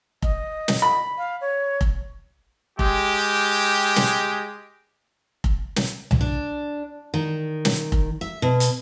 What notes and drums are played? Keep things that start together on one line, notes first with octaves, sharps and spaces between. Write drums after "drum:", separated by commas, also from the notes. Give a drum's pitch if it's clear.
D#5, drum: kick F1
drum: snare
B5
F5
C#5
drum: kick F1
G#3 G4, drum: kick F1
drum: snare
drum: kick F1
drum: snare
drum: tom C2
D4
D#3
drum: snare
drum: kick F1
E5
B2
drum: hi-hat